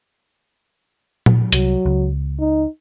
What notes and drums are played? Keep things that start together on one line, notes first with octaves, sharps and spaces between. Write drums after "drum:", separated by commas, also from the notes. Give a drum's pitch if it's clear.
drum: tom A#2
C2 F#3, drum: hi-hat
C#2
D#4